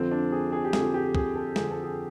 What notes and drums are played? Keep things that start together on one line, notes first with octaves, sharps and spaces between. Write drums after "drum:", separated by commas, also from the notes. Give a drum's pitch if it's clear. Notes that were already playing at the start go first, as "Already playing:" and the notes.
Already playing: F2 D3 F3 C4
D4
G#4
G#4
G4
F2 D3 F3 G#4, drum: snare
G4
G#4, drum: kick
A4
F2 D3 F3 G#4, drum: snare
A4
G#4